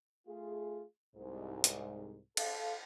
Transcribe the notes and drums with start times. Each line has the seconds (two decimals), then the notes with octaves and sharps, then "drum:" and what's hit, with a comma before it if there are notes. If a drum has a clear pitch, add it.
0.27 A3 F4 G#4
1.15 C2 G#2
1.64 drum: hi-hat
2.37 A4 F5, drum: cymbal